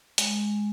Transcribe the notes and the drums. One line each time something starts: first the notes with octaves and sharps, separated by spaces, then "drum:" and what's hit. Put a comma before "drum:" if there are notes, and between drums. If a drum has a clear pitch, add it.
G#3, drum: hi-hat